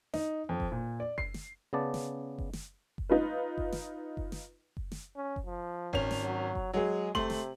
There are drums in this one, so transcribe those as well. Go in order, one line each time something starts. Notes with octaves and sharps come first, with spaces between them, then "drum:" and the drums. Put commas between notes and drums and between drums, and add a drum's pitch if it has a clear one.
D#4, drum: snare
F2
drum: kick F#1
A#2
D5
C7, drum: kick F#1
drum: snare
C#3 B3 D5 A5
drum: snare
drum: kick F#1
drum: snare
drum: kick F#1
D#4 F4 B4
drum: kick F#1
drum: snare
drum: kick F#1
drum: snare
drum: kick F#1
drum: snare
C#4
drum: kick F#1
F3
G#1 C#4 F7, drum: kick F#1
drum: snare
F#3
drum: kick F#1
F#3 G#3 G#4
C3 A3 C6 F#7, drum: kick F#1
drum: snare